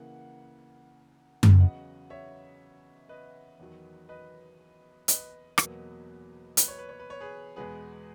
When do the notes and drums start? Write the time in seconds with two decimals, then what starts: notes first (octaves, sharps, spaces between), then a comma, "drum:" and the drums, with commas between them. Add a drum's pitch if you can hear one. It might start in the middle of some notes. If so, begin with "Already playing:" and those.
Already playing: C#3 E3 A#3 F#5
1.43 drum: tom F#2
1.60 E2 C#3 F#3 D#5 F#5
2.10 C#5 E5
3.09 B4 D#5
3.59 E2 D#3 F#3
4.09 B4 D#5
5.08 B4 D#5, drum: hi-hat
5.58 E2 B2 F#3 A#3, drum: rim click
6.57 B4, drum: hi-hat
6.68 C#5
6.78 B4
6.89 C#5
7.00 B4
7.10 C#5
7.20 G#4 B4
7.56 E2 B2 G#3 B3 G#4 B4